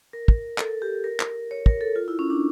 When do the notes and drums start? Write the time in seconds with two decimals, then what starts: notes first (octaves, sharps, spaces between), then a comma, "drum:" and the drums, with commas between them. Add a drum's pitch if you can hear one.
0.13 A#4
0.28 drum: kick
0.58 A4, drum: clap
0.82 G4
1.04 A#4
1.20 drum: clap
1.51 C#5
1.66 A#4, drum: kick
1.81 A4
1.96 F4
2.08 E4
2.19 C#4
2.30 D4